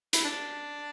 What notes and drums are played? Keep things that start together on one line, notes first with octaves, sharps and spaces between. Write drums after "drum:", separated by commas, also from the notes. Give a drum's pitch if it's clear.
E4, drum: hi-hat
D4